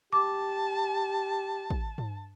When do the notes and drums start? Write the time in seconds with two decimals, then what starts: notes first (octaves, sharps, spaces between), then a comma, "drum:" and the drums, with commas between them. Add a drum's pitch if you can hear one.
0.13 G4 A5 D6
1.70 drum: kick
1.98 drum: tom